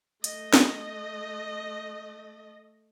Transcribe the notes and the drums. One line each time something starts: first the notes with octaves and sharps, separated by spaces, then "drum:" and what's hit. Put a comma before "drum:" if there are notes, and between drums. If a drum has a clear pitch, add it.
A3 D#5, drum: hi-hat
drum: snare